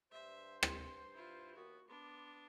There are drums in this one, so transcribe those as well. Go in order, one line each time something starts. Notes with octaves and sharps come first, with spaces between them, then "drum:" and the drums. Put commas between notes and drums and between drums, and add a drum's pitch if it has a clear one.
G2 C5 E5
C6, drum: rim click
E4 F4
D#2 B3 F#4
B3 D4 B5 C6 D6